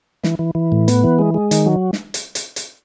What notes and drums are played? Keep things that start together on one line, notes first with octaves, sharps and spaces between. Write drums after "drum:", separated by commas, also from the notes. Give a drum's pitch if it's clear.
E3, drum: snare
E3
E3
A2
B3, drum: hi-hat
E3
G#3
G#3
D#3, drum: hi-hat
F#3
drum: snare
drum: hi-hat
drum: hi-hat
drum: hi-hat